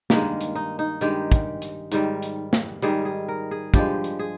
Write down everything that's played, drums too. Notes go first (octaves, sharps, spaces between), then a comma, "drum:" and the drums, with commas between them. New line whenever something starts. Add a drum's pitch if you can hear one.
G2 D#3 G#3 A#3, drum: snare
drum: hi-hat
D#4
D#4
G2 D#3 G#3 G4, drum: hi-hat
drum: kick, hi-hat
drum: hi-hat
G#2 D#3 G3, drum: hi-hat
drum: hi-hat
drum: snare
G#2 D#3 G3 G#4, drum: hi-hat
G#4
A#4
G#4
G2 F3 G#3 G4, drum: kick, hi-hat
drum: hi-hat
G#4